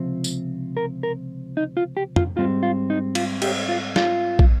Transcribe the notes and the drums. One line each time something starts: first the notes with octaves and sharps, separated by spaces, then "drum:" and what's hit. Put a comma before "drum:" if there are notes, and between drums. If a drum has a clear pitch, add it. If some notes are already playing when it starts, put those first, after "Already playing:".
Already playing: C#2 C3 F3 C4
drum: tambourine
A#4
A#4
D#4
F4
G4
F4, drum: tom F2
G#2 G3 C4 F4
F4
D#4
F4, drum: cymbal
G4, drum: cymbal
F4
F4, drum: snare
drum: kick